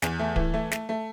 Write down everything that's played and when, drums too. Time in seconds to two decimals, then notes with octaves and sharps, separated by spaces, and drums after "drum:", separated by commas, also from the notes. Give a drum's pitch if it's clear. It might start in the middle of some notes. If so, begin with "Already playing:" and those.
0.02 E2, drum: snare
0.19 A3
0.36 E3, drum: kick D1
0.54 A3
0.71 A3, drum: snare
0.89 A3